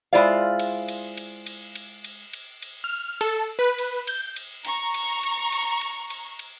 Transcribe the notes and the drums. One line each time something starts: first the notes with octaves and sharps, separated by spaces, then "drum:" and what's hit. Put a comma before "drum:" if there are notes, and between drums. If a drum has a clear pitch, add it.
G#3 E4 F4 C5 D5 F5
drum: cymbal
drum: cymbal
drum: cymbal
drum: cymbal
drum: cymbal
drum: cymbal
drum: cymbal
drum: cymbal
F6
A4, drum: cymbal
B4
drum: cymbal
G6, drum: cymbal
drum: cymbal
A#5 C#6, drum: cymbal
drum: cymbal
drum: cymbal
drum: cymbal
drum: cymbal
drum: cymbal
drum: cymbal